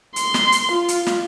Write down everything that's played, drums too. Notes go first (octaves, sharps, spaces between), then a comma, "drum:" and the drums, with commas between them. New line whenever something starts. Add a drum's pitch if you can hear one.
C6, drum: hi-hat
drum: snare
drum: hi-hat
F4
drum: hi-hat
drum: snare